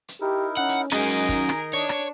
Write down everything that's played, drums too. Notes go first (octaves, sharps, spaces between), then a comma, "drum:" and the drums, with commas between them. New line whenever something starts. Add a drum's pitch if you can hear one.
drum: hi-hat
D#4 E4 G4 A#4
C#4 F#5
drum: hi-hat
G#3 C#4 D#4 F#4 G#4 A#4 D#5 A#5, drum: rim click
drum: hi-hat
D#3, drum: kick, hi-hat
drum: rim click
D4 C#5
drum: rim click